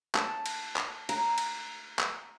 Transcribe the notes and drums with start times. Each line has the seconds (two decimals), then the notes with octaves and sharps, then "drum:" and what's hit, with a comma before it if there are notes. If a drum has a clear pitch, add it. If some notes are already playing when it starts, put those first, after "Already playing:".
0.15 A5, drum: clap
0.46 drum: cymbal
0.76 drum: clap
1.09 A#5, drum: cymbal
1.38 drum: cymbal
1.99 drum: clap